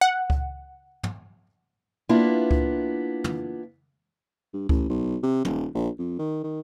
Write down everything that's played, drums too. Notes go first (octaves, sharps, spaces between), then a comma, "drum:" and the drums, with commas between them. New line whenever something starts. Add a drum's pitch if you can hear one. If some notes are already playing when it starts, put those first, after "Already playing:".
F#5
drum: kick C#2
drum: tom
A#3 B3 D4 E4 F4
drum: kick C#2
drum: tom
G2
A1, drum: kick C#2
B1
C3
D#1, drum: tom
A#1
F2
D#3
D#3